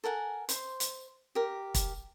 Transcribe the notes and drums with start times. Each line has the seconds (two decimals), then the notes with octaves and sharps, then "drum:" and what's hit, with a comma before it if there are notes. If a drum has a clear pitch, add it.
0.04 A4 A#4 F#5 G#5
0.49 C5 C6, drum: hi-hat
0.80 drum: hi-hat
1.35 G4 A#4
1.74 drum: kick, hi-hat